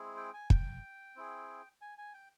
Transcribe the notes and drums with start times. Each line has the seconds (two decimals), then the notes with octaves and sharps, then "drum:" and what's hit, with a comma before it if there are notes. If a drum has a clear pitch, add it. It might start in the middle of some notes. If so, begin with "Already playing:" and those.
Already playing: G#3 C4 E4 G#4
0.17 G5
0.34 G#5
0.50 G5, drum: kick
1.16 C4 E4 G#4
1.81 G#5
1.98 G#5
2.14 G5